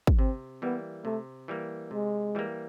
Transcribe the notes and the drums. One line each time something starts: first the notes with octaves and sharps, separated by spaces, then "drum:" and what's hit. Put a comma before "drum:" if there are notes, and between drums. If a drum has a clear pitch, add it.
drum: kick
C3 C4
E3 G3 A#3 B3
C3 A3
E3 G3 A#3
C3 G#3
E3 G3 A#3